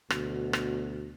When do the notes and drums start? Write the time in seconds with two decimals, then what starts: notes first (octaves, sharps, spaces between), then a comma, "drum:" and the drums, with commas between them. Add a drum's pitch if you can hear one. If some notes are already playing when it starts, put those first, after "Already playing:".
0.10 D2 B2, drum: rim click
0.53 drum: rim click